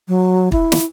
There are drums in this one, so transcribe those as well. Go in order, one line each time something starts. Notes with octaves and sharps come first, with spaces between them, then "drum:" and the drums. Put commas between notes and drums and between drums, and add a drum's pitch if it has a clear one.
F#3
E4, drum: kick
drum: snare